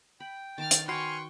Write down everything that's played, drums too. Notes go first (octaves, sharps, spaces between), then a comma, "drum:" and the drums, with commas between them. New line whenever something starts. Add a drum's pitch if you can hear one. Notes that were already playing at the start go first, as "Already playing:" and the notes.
G5 B5
D#3 A5 D6 F6 A6
drum: hi-hat
F#4 B4 C#5 G5 G#5 C6 C#6 F6